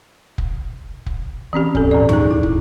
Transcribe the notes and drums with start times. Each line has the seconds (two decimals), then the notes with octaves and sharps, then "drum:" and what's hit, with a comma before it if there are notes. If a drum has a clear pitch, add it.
0.38 drum: kick
1.06 drum: kick
1.53 E3 C4 C#4 G4
1.75 D2 G#2 A4, drum: kick
1.91 A#2 D5
2.09 D#4 G#4, drum: tom D#2
2.31 E4
2.43 drum: kick